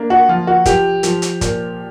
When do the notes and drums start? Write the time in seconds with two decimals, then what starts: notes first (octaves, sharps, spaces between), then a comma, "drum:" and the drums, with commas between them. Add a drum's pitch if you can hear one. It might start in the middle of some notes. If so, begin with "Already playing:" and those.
Already playing: A#3 D4
0.10 F#4
0.29 F3 F4
0.47 F#4
0.65 F3 G4, drum: kick, hi-hat
1.03 F3, drum: hi-hat
1.22 drum: hi-hat
1.41 A#2, drum: kick, hi-hat